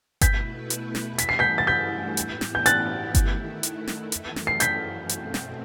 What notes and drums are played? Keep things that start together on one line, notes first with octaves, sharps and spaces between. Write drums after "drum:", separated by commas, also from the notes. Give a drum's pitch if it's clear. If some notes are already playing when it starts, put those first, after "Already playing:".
B2 A3 E4 B4 G6 B6, drum: kick G1, hi-hat
drum: hi-hat
drum: snare
G2 E3 A3 E4 B6, drum: hi-hat
C7
G6 B6
A6
G6 B6
A2 E3 B3 E4 G4, drum: hi-hat
drum: snare
G6
F#6 A6, drum: hi-hat
D#3 A3 E4, drum: kick G1, hi-hat
drum: hi-hat
drum: snare
F#2 E3 A3, drum: hi-hat
drum: snare
C7
G6 B6, drum: hi-hat
B2 A3 C4, drum: hi-hat
drum: snare